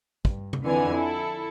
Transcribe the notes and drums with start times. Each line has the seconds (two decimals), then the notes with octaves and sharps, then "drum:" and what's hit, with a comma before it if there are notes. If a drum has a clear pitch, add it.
0.25 G2, drum: kick
0.53 drum: tom C3
0.64 F2 D3 E3 G#5
0.94 E4 A4